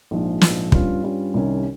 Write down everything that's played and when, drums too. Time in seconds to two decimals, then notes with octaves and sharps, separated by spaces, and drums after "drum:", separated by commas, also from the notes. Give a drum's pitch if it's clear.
0.11 A#1 G#2 F3
0.41 A#1 G#2 F3, drum: snare
0.72 G2 G3 C#4 F4, drum: kick
1.04 G2 G3 C#4 F4
1.34 C2 C3 D#3 G3 C#4